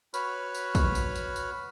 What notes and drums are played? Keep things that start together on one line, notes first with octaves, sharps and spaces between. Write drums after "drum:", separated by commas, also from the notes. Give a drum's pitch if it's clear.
F#4 B4 C#5 B5 F6, drum: tambourine
drum: tambourine
drum: kick, tambourine
drum: tambourine
drum: tambourine
drum: tambourine